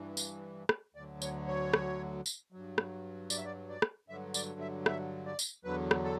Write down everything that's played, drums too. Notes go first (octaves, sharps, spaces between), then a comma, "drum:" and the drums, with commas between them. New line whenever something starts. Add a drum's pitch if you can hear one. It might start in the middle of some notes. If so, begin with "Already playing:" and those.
Already playing: G2 E3
drum: tambourine
drum: rim click
D2 D3 F#3 D5
C#5, drum: tambourine
C#5
drum: rim click
drum: tambourine
G2 F#3
drum: rim click
D5, drum: tambourine
E5
D5
D5
drum: rim click
G2 D3 F#3 E5
D5, drum: tambourine
E5
E5, drum: rim click
D5
drum: tambourine
E2 D3 F#3 B4
drum: rim click
A4